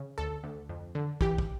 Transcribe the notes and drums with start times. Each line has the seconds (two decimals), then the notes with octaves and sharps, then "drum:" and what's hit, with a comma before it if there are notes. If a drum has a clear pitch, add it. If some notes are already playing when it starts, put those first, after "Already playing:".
Already playing: C#3
0.18 D2 A4
0.44 D2
0.69 F2
0.95 D3
1.21 E3 G4, drum: kick
1.38 drum: kick